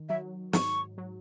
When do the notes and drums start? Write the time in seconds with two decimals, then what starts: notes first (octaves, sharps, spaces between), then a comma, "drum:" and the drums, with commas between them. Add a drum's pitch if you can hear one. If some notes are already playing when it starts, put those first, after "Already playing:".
Already playing: D#3
0.09 F#3 E5
0.53 G#2 C#6, drum: snare
0.98 F#3